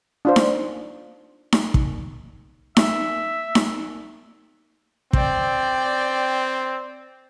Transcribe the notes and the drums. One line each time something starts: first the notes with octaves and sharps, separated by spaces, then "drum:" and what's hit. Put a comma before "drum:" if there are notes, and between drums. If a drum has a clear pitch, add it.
D4 F4 C5
drum: snare D#4
drum: snare D#4
drum: kick
E5, drum: snare D#4
drum: snare D#4
C4 D5 G5, drum: kick